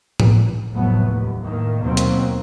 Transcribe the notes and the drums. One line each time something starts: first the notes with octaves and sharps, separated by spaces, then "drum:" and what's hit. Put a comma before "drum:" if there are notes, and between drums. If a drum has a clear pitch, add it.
drum: tom A2
F1 A2 F#3 A3 B3
D#2
A2 D#3 A#3
D#2 B2 F#3 A#3 C4
drum: hi-hat